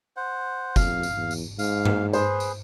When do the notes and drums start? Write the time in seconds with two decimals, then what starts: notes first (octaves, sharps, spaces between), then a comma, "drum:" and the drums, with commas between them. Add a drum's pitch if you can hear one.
0.17 C5 F#5
0.76 F2 F5, drum: kick F#1, tambourine
1.03 drum: tambourine
1.16 E2
1.31 drum: tambourine
1.59 G#2 F5, drum: tambourine
1.85 drum: tom G2
2.13 G#4 B4 C5, drum: tambourine
2.40 drum: tambourine